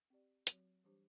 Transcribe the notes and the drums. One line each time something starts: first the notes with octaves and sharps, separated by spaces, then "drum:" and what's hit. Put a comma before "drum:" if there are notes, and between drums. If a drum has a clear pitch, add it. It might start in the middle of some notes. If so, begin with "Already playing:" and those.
C4 G4 D5
F#3 C4 F#4, drum: hi-hat
E3 G3 D4 G4 C5